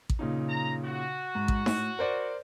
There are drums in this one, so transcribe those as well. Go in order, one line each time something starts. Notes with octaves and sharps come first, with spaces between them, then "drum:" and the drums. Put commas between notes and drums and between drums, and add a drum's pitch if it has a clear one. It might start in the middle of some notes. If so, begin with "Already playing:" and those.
drum: kick A1
A#2 C#3 D#4
A#5
F#4
G#2
drum: kick A1
A2, drum: snare D#4
A#4 C5 D5